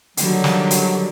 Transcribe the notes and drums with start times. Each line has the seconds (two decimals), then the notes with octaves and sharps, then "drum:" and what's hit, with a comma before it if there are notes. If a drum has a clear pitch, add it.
0.17 D3 D#3 F#3 G3, drum: hi-hat
0.44 drum: snare
0.71 drum: hi-hat